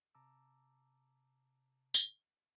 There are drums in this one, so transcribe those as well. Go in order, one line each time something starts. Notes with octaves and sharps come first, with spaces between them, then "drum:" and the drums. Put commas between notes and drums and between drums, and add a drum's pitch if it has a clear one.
C3 A5 A#5 D6 E6
drum: tambourine